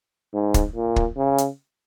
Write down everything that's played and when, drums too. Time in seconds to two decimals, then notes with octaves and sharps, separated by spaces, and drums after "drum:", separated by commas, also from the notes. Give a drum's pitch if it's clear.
0.33 G#2
0.54 drum: kick, hi-hat
0.75 A#2
0.96 drum: kick
1.17 C#3
1.38 drum: hi-hat